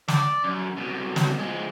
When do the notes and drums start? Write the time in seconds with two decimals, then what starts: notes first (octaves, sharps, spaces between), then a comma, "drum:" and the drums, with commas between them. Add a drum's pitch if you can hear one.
0.08 D5, drum: snare
0.44 F#2
0.77 C2 B2
1.16 drum: snare
1.38 F3 G#3